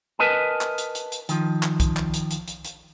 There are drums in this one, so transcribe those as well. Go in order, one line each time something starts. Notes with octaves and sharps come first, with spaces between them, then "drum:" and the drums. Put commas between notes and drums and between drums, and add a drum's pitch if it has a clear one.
A#4 B4 D#5 G#5 A5
drum: clap
drum: hi-hat
drum: hi-hat
drum: hi-hat
D#3 F3, drum: hi-hat
drum: clap
drum: kick B1, hi-hat
drum: clap
drum: hi-hat
drum: hi-hat
drum: hi-hat
drum: hi-hat